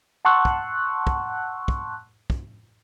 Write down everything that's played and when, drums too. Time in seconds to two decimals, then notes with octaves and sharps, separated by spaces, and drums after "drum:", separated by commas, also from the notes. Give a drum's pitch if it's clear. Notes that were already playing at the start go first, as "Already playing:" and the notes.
0.25 F#5 A5 C6 C#6 E6 F#6
0.45 drum: kick
1.07 drum: kick
1.68 drum: kick
2.30 drum: kick